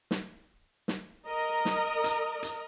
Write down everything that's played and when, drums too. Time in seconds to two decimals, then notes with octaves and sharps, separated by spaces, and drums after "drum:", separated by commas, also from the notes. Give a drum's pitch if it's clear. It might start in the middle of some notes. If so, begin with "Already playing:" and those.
0.11 drum: snare
0.88 drum: snare
1.27 A#4 D#5 A#5
1.65 drum: snare
2.04 drum: hi-hat
2.43 drum: hi-hat